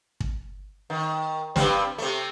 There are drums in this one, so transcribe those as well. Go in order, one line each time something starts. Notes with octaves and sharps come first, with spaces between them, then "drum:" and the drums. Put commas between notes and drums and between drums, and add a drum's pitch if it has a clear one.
drum: kick
D#3
G2 G3 C4, drum: snare
C3 A3